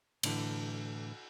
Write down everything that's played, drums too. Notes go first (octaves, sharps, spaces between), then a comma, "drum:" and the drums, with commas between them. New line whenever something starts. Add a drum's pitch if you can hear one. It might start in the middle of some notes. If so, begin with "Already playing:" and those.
A2 D3 E3, drum: cymbal